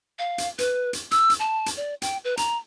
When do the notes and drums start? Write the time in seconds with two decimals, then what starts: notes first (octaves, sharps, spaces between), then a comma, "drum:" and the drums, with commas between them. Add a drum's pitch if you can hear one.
0.19 F5
0.38 drum: hi-hat
0.58 B4, drum: hi-hat
0.93 drum: hi-hat
1.11 E6, drum: hi-hat
1.30 drum: hi-hat
1.40 A5
1.66 drum: hi-hat
1.77 D5
2.02 G5, drum: hi-hat
2.25 B4
2.37 A#5, drum: hi-hat